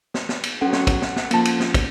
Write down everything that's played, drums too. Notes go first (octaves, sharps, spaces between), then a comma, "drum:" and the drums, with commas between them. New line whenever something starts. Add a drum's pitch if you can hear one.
drum: snare
drum: snare
drum: cymbal
F#3 C#4 A4 F#5
drum: snare
drum: kick, cymbal
drum: snare
drum: snare
F3 A#3 A5, drum: cymbal
drum: cymbal
drum: snare
drum: kick, cymbal